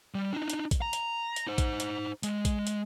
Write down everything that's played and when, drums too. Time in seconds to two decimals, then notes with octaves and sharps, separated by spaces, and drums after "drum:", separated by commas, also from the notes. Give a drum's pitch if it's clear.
0.15 G3
0.33 D4 D#4
0.50 drum: hi-hat
0.71 drum: kick A#1, hi-hat
0.82 A#5
0.93 drum: hi-hat
1.36 drum: hi-hat
1.47 D#4 C5
1.58 drum: kick A#1, hi-hat
1.80 drum: hi-hat
2.23 G#3, drum: hi-hat
2.45 drum: kick A#1, hi-hat
2.67 drum: hi-hat